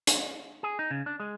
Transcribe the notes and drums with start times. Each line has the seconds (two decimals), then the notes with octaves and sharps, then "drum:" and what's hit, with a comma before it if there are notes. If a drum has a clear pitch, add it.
0.07 drum: hi-hat
0.63 G#4
0.79 D#4
0.91 C#3
1.06 D4
1.20 G#3